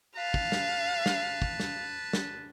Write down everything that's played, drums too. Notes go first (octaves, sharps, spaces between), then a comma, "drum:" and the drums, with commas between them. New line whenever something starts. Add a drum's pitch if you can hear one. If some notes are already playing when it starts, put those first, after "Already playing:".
B4 F5 A5
drum: kick
drum: snare
drum: snare
drum: kick
drum: snare
drum: snare